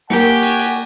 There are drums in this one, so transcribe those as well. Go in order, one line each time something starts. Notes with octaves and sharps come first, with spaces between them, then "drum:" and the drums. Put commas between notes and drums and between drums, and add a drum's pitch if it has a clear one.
A#3 G4 A#4 C#5 F#5 G#5, drum: snare
drum: cymbal
drum: cymbal